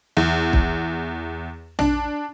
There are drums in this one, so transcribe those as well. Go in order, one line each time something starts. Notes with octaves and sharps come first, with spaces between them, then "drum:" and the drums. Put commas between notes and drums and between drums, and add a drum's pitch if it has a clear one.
E2
drum: kick
D4, drum: tom A#1